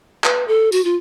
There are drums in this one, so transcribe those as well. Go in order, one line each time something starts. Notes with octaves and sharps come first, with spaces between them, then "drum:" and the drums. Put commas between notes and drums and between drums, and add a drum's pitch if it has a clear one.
B4, drum: clap
A4
F#4, drum: tambourine
F4